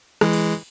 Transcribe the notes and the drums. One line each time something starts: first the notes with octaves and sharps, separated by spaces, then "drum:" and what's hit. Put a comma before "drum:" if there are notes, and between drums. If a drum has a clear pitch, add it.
E3 G#3, drum: rim click
drum: cymbal